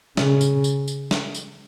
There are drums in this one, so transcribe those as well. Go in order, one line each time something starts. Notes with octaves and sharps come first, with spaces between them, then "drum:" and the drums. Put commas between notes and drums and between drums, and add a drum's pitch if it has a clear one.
C#3, drum: snare
drum: tambourine
drum: tambourine
drum: tambourine
drum: snare
drum: tambourine